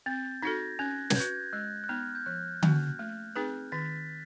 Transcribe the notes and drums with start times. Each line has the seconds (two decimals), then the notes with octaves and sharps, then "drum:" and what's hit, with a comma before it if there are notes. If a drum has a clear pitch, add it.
0.06 C4 G6 A6
0.42 D#4 F#4 A4 G#6 A#6
0.79 C#4 F#6 G#6
1.10 G#6, drum: snare
1.16 F#4 B4 G6
1.53 G#3 F#6
1.84 F#6
1.89 B3 D#4 F6
2.15 G6
2.26 F3 F#6
2.63 A#3 C#4 F#4, drum: tom D3
2.99 A3
3.36 C4 D#4 G#4 B4
3.72 D#3 A6 B6